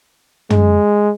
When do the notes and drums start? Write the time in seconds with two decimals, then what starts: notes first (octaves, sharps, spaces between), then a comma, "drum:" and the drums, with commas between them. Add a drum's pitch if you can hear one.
0.50 G#3, drum: tom